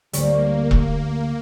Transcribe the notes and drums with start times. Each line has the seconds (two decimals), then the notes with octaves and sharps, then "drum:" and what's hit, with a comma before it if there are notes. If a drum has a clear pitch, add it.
0.13 D2 G3 A#3 C#5, drum: hi-hat
0.71 drum: kick E1